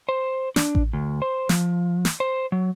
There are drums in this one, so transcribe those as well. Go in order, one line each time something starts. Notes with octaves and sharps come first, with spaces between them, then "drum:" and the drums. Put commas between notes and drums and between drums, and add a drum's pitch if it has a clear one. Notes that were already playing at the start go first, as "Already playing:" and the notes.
C5
D4, drum: snare
drum: kick A1
D2
C5
F3, drum: snare
drum: snare
C5
F#3